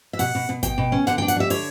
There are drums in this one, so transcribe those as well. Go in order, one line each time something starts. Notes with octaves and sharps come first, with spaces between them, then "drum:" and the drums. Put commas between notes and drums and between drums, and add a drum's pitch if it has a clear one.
E5
B2 F#5, drum: open hi-hat
B2
B2
B2 G5, drum: kick G#1, hi-hat
B2
C#4
D3 F#5, drum: snare
G5
D4
F#5, drum: hi-hat
G3 E5
D3 C#5, drum: open hi-hat